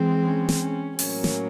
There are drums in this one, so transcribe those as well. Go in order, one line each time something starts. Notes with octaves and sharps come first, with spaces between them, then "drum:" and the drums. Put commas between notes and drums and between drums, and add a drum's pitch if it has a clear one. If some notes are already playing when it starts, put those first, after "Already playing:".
Already playing: E3 G#3 C4
C#4
drum: snare
C#4
A2 F#3 A#3 C#4, drum: open hi-hat
drum: snare